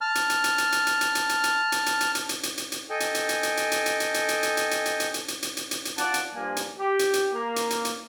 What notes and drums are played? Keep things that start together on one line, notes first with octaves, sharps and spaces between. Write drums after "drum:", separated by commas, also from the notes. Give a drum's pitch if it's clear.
A5 F6
drum: hi-hat
drum: hi-hat
drum: hi-hat
drum: hi-hat
drum: hi-hat
drum: hi-hat
drum: hi-hat
drum: hi-hat
drum: hi-hat
drum: hi-hat
drum: hi-hat
drum: hi-hat
drum: hi-hat
drum: hi-hat
drum: hi-hat
drum: hi-hat
drum: hi-hat
drum: hi-hat
A4 D#5 G5 G#5
drum: hi-hat
drum: hi-hat
drum: hi-hat
drum: hi-hat
drum: hi-hat
drum: hi-hat
drum: hi-hat
drum: hi-hat
drum: hi-hat
drum: hi-hat
drum: hi-hat
drum: hi-hat
drum: hi-hat
drum: hi-hat
drum: hi-hat
drum: hi-hat
drum: hi-hat
drum: hi-hat
drum: hi-hat
drum: hi-hat
drum: hi-hat
F4 D5 F#5 A5, drum: hi-hat
drum: hi-hat
G2 F3 A#3 G#5
drum: hi-hat
G4
drum: hi-hat
drum: hi-hat
A#3
drum: hi-hat
drum: hi-hat
drum: hi-hat